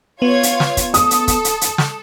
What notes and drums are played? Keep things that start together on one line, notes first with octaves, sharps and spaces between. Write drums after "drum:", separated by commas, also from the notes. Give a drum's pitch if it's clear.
B3 F4 C#5 G#6
drum: hi-hat
drum: snare
drum: kick, hi-hat
A4 D#6, drum: hi-hat
drum: hi-hat
drum: kick, hi-hat
drum: hi-hat
drum: hi-hat
drum: snare